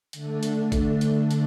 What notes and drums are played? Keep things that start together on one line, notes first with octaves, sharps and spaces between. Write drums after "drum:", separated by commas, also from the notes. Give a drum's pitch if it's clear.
D3 A3 D4, drum: hi-hat
drum: hi-hat
drum: kick G#1, hi-hat
drum: hi-hat
drum: hi-hat